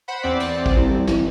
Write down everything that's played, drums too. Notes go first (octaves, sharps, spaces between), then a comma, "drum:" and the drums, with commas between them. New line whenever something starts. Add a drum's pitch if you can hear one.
C5 F#5 B5
E2 C4 D5
drum: cymbal
drum: kick A1
G1 C2
E3, drum: snare